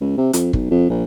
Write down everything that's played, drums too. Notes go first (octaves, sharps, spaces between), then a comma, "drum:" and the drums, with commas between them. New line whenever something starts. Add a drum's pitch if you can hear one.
C#2
C3
F2, drum: hi-hat
B1, drum: kick
F2
A#1